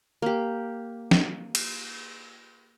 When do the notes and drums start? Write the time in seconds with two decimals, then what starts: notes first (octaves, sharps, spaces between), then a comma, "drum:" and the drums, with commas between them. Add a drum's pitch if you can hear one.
0.22 A#3 G4
1.11 drum: snare
1.55 drum: cymbal